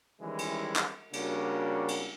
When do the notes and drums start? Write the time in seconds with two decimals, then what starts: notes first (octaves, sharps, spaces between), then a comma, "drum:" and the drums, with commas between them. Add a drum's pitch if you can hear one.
0.21 D#3 E3 G3 G#3 C#4 E4
0.38 drum: cymbal
0.76 drum: clap
1.13 C#3 G3 A#3 D4 F#4, drum: cymbal
1.88 drum: cymbal